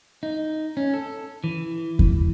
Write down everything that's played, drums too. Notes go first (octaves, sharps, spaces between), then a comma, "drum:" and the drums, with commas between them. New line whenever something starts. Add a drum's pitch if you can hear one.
D#4
C#4
A4
E3
drum: kick E2